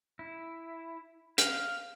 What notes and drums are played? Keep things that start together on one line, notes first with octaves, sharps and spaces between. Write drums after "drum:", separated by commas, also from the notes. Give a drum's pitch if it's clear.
E4
F5, drum: hi-hat